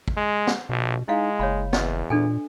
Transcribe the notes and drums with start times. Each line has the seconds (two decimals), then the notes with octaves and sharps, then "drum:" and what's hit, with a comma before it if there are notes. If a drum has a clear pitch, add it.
0.08 drum: kick
0.17 G#3
0.47 drum: snare
0.69 A#1 B2
1.08 G#3 D#4 E4 F5 G#5
1.39 F#1 C#5 F5 B5
1.73 E2 B4 D#5, drum: snare
2.10 A#2 D4 A4 G#5